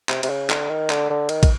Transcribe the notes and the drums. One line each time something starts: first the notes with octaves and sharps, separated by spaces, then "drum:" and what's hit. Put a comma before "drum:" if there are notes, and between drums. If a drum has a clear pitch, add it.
C3, drum: clap
C3, drum: cymbal
C#3
D3, drum: clap
D#3
D3, drum: clap
D3
D#3, drum: cymbal
drum: kick, cymbal